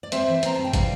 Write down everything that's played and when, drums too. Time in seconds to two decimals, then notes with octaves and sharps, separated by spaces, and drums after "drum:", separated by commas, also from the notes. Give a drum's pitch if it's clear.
0.03 D5
0.12 C4 C5 E5, drum: hi-hat
0.28 E3
0.43 C4 A#5, drum: hi-hat
0.54 G3 A5
0.64 G5
0.73 E3 D5 F5, drum: kick, hi-hat